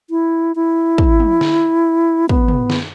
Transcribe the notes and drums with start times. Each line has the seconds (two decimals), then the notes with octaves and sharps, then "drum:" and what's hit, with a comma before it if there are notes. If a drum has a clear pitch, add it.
0.10 E4
0.55 E4
0.98 drum: kick
1.20 drum: tom
1.41 drum: snare
2.29 B3, drum: kick
2.48 drum: tom
2.70 drum: snare